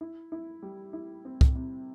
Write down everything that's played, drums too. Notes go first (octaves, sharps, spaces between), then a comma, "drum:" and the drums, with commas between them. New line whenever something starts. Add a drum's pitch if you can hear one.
E4
E4
G3
E4
C4
drum: kick
C3